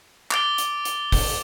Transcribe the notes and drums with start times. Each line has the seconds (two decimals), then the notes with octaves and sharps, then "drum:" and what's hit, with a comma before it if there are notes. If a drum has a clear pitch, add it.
0.31 D6 A6 D7 G7, drum: clap
0.58 drum: hi-hat
0.85 drum: hi-hat
1.12 drum: kick, open hi-hat